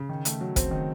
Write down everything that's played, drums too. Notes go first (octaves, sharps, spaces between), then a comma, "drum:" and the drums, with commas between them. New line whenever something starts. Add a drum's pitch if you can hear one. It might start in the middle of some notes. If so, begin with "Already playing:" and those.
Already playing: C#3
D#3
A3, drum: hi-hat
F#3
C4, drum: kick, hi-hat
D#3